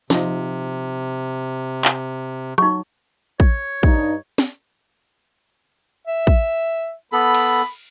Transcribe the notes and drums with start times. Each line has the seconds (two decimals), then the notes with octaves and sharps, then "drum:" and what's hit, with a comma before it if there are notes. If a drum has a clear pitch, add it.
0.10 C3 F3 D#4, drum: snare
1.85 drum: clap
2.58 F#3 D#4 C#6, drum: rim click
3.40 C#5, drum: kick
3.83 G2 D#4, drum: kick
4.38 drum: snare
6.07 E5
6.27 drum: kick
7.13 B3 A4 B5
7.34 drum: cymbal